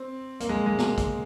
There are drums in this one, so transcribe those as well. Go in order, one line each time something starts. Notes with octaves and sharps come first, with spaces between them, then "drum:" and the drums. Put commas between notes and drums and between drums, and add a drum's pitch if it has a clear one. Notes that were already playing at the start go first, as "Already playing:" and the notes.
Already playing: C4
A#3, drum: hi-hat
G#3
G#3
drum: snare
drum: kick, hi-hat